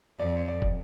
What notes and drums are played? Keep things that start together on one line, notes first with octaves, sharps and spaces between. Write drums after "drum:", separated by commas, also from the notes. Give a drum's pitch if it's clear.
F2 D5
D5
drum: kick